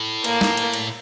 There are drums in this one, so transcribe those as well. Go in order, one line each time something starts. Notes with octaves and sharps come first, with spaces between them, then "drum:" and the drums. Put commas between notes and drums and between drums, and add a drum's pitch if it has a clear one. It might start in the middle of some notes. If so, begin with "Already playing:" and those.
Already playing: A2
A#3, drum: cymbal
drum: snare
drum: cymbal
drum: cymbal